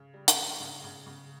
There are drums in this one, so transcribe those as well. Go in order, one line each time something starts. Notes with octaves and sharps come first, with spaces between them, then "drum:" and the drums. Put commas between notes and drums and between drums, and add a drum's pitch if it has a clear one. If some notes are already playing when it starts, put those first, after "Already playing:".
Already playing: C#3
G3
drum: hi-hat
D4
C#3
C#3
C#3